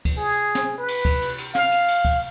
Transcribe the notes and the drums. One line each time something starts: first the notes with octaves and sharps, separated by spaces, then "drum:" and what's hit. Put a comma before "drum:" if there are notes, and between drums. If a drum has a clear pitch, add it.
drum: kick C#2, cymbal
G#4
drum: snare
B4
drum: cymbal
drum: kick C#2, cymbal
drum: cymbal
drum: cymbal
F5, drum: snare
drum: cymbal
drum: cymbal
drum: kick C#2, cymbal